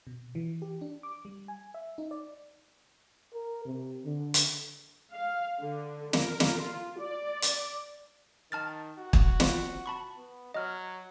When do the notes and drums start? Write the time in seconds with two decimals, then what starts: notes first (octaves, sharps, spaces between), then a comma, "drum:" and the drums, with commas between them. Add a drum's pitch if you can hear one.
0.07 B2
0.35 E3
0.62 G4
0.81 D4
1.03 D6
1.25 G3
1.48 G#5
1.74 E5
1.98 D#4
2.11 D5
3.34 A#4
3.65 C3
4.05 D3
4.34 drum: hi-hat
5.12 F5
5.60 D3
6.13 A#4, drum: snare
6.40 drum: snare
6.59 F4
6.98 D5
7.42 drum: hi-hat
8.52 D#3 A5 F6 A6
8.98 F#4
9.13 drum: kick
9.40 C4 F4 C5, drum: snare
9.86 A5 B5 C#6
10.17 B3
10.54 F#3 D#5 F6